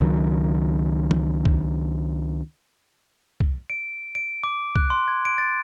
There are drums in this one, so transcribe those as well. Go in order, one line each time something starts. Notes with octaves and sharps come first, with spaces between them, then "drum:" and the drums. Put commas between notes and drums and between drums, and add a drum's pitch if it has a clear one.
C#2 D#3 F#3
drum: tom
drum: kick
drum: kick
D7
D7
D6
F#6, drum: kick
C6
G#6
D7
A6